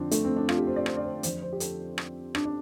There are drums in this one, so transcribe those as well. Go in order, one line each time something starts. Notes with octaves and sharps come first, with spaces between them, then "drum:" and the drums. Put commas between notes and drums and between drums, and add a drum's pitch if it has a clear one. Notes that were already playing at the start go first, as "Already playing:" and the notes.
Already playing: F2 D3 F3 C4 D4
A3, drum: hi-hat
C4
D4
F4, drum: rim click
G4
C5
D5
C5, drum: rim click
D5
C5
F2 F3 C5, drum: hi-hat
C5
G4
A4, drum: hi-hat
drum: rim click
D4, drum: rim click
D4